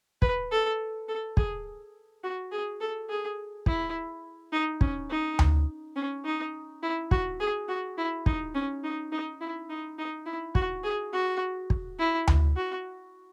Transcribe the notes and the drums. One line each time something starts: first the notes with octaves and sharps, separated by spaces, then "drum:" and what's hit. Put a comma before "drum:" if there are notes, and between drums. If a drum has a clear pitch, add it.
B4, drum: kick
A4
A4
G#4, drum: kick
F#4
G#4
A4
G#4
E4, drum: kick
D#4
C#4, drum: kick
D#4
drum: tom D2
C#4
D#4
E4
F#4, drum: kick
G#4
F#4
E4
D#4, drum: kick
C#4
D#4
D#4
E4
D#4
D#4
E4
F#4, drum: kick
G#4
F#4
drum: kick
E4
drum: tom D2
F#4